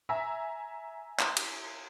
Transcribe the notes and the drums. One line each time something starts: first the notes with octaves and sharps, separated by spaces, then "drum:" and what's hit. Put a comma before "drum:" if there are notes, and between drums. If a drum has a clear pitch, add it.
E5 G#5 A#5 E6 B6
drum: clap
drum: cymbal